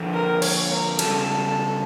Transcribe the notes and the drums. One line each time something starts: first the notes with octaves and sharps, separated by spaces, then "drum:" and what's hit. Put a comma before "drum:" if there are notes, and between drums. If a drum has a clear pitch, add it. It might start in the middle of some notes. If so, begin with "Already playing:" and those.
Already playing: F2 D3 F3
A#4
C#5, drum: cymbal
A#4
C#3 G3 C#4 F4 A4, drum: cymbal